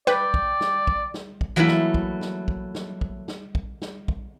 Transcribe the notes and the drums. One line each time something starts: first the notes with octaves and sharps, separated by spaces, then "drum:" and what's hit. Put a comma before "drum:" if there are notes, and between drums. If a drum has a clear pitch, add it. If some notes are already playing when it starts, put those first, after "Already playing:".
B4 D5 G5, drum: snare
drum: kick
drum: snare
drum: kick
drum: snare
drum: kick
E3 F#3 A3 A#3 E4
drum: snare
drum: kick
drum: snare
drum: kick
drum: snare
drum: kick
drum: snare
drum: kick
drum: snare
drum: kick